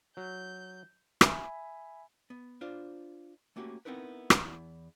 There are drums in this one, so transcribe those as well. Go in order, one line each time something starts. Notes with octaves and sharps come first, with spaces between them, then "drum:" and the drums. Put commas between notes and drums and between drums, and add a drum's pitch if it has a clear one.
F#3 G6
E5 G#5 B5, drum: rim click
B3
D4 F4 C5 F5
A3 A#3 C#4 F#4 G4
B3 C4 D#4 E4 A#4 B4
drum: rim click
E2 E4